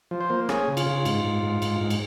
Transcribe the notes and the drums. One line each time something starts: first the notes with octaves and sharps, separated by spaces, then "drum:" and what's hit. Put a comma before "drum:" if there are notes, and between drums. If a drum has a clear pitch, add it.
F3
C5
A#3
C#4 G#4, drum: rim click
C#3
F4, drum: cymbal
C#3
G#2, drum: cymbal
G#2
G#2
G#2, drum: cymbal
G#2
drum: cymbal